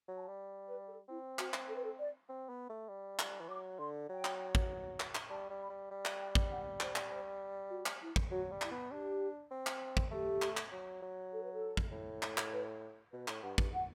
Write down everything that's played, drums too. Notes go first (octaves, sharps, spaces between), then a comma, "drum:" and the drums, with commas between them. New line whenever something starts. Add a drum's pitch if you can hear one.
F#3
A5
G3
B4
A4
C4 E4
F#4, drum: clap
drum: clap
A4
B4
A4
D5
C4
B3
A3
G3
drum: clap
E3
F#3 D6
D3 C6
F#3 G5
drum: clap
drum: kick
drum: clap
drum: clap
G3 A5
G3
B5
G3
G3
drum: clap
G5
drum: kick
F#5
C5, drum: clap
drum: clap
C5
F#4
drum: clap
E4
drum: kick
F#3 F#4
G3
E4, drum: clap
B3
D4 G4
C4
drum: clap
drum: kick
A3 G4
drum: clap
drum: clap
F#3
F#3
A4
B4
A4
drum: kick
A2
drum: clap
drum: clap
B4
B2 B4
A2, drum: clap
G2 F#5
G2, drum: kick
F#5